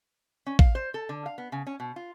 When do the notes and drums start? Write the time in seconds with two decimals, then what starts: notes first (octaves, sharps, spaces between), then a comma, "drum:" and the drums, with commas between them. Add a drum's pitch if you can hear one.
0.46 C#4
0.59 F5, drum: kick A1
0.75 C5
0.94 A4
1.09 D3
1.26 F5
1.38 B3
1.52 C#3
1.67 C#4
1.80 B2
1.96 F4